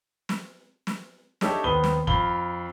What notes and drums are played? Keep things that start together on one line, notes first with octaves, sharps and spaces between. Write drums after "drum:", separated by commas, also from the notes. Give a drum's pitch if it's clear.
drum: snare
drum: snare
D4 D#4 G4 A4 C#5 E5, drum: snare
D#2 B3 C5 B5 D#6 G7
drum: snare
F2 F5 B5 G7, drum: kick